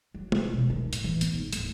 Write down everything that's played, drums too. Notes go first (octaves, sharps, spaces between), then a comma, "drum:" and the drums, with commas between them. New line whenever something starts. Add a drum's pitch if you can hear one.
F#3
C#3, drum: tom G#3
B2
D#3
A2, drum: hi-hat
E3
B3, drum: hi-hat
G#2
D1, drum: hi-hat